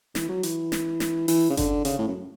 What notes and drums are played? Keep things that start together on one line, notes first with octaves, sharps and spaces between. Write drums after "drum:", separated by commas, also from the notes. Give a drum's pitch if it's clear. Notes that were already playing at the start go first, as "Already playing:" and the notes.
E3, drum: snare
F#3
E3, drum: hi-hat
drum: snare
drum: snare
E3, drum: open hi-hat
C#3
D3, drum: kick G1, hi-hat
C#3, drum: hi-hat
A2
F#2